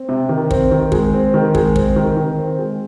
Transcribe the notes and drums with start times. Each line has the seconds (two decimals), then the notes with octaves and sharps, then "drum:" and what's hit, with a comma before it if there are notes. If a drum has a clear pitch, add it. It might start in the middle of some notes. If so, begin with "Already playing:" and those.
Already playing: C4
0.09 C3
0.29 D#3
0.51 C4, drum: kick
0.71 D#3
0.92 G#3, drum: kick
1.13 C4
1.34 D#3
1.55 G#3, drum: kick
1.76 C4, drum: kick
1.96 D#3
2.17 D#3
2.38 C4
2.59 G#3